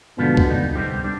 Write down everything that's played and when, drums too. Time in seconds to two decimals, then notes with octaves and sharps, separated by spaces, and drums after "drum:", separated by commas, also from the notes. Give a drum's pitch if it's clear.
0.17 G#2 B2 D3 F3 B3 F4
0.37 drum: kick C#2
0.46 G3 B3 D#4
0.76 C3 G3 C4 G4
1.04 G3 D4